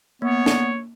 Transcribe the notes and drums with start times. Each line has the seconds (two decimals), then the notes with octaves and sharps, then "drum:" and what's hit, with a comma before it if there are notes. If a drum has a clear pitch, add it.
0.22 A#3 B3 C#5
0.46 drum: snare